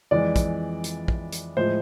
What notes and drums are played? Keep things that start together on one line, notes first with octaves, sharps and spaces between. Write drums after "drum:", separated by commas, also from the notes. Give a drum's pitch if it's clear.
F2 E3 G#3 D5
drum: kick, hi-hat
drum: hi-hat
drum: kick
drum: hi-hat
A2 F3 G#3 C5